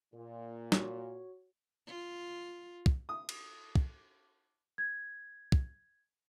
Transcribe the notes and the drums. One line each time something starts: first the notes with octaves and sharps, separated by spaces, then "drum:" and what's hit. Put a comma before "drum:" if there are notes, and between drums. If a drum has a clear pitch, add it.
A#2
F#4 C#5, drum: snare
F4
drum: kick
D#6
drum: cymbal
drum: kick
G#6
drum: kick